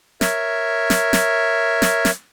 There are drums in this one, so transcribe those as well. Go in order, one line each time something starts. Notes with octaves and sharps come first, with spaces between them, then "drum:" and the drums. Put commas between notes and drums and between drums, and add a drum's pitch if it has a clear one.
A#4 C#5 E5, drum: snare
drum: snare
drum: snare
drum: snare
drum: snare